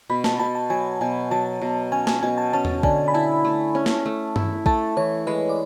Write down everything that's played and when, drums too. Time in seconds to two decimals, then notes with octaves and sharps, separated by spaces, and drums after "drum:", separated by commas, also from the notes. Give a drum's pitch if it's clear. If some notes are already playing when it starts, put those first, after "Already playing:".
0.10 B2 B5
0.24 A5, drum: snare
0.39 B2 A5
0.55 A5
0.70 F#3 G#5
1.01 B2 G#5
1.31 F#3 A5
1.61 B2
1.92 C#4 G#5
2.07 G#5, drum: snare
2.23 B2 G#5
2.38 A5
2.53 C#4 A5
2.65 drum: tom E2
2.83 D3 G#5, drum: kick
3.08 B5
3.14 E4 A5
3.45 A3
3.75 C#4
3.86 drum: snare
4.06 A3
4.36 E4, drum: tom G2
4.66 A3 A5, drum: kick
4.97 E3 C#5
5.27 G#3 B4
5.49 D5